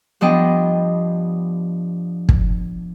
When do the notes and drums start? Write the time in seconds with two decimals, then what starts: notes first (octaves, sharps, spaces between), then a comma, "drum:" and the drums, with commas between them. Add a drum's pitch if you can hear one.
0.21 G2 F3 B3 D4 D#5 G5
2.29 drum: kick